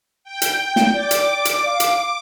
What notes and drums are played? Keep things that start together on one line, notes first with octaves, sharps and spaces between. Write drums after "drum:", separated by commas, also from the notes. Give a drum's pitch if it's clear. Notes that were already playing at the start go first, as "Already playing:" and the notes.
G5
drum: hi-hat
drum: snare
D5 D6
drum: hi-hat
D5
drum: hi-hat
F5
drum: hi-hat